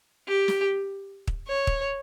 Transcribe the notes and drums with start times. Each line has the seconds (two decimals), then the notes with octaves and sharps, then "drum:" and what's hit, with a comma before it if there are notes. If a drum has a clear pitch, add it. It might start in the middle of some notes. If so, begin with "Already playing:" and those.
0.28 G4
0.48 drum: snare
1.27 drum: kick
1.48 C#5
1.67 drum: kick